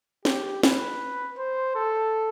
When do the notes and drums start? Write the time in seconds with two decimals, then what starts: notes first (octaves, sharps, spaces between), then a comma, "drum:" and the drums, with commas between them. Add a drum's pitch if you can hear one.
0.25 G4, drum: snare
0.63 B4, drum: snare
1.38 C5
1.76 A4